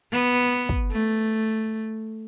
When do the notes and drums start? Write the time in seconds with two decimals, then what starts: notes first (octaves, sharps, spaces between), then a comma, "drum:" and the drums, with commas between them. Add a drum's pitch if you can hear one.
0.12 B3
0.69 drum: kick
0.91 A3